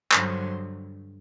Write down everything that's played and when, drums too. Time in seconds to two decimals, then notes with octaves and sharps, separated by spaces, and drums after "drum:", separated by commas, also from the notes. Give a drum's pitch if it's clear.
0.12 G2 D3 F#3 C5, drum: clap